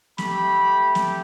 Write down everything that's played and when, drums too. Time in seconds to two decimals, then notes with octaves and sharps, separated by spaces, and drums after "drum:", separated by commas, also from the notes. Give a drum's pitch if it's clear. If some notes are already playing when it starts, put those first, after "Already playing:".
0.18 A3 G4 B5, drum: snare
0.95 drum: snare